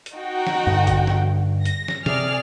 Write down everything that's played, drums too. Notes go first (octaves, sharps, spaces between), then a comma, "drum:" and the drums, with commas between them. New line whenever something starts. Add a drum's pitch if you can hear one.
drum: hi-hat
D#4 F#4 G5
drum: snare
G2 D3
drum: kick, hi-hat
drum: snare
A#6, drum: hi-hat
drum: snare
C3 G#4 D5 F6, drum: snare